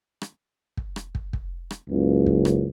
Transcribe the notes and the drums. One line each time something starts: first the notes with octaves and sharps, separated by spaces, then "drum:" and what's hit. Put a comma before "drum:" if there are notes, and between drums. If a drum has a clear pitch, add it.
drum: rim click
drum: kick
drum: rim click
drum: kick
drum: kick
drum: rim click
F#1 C#2
drum: kick
drum: rim click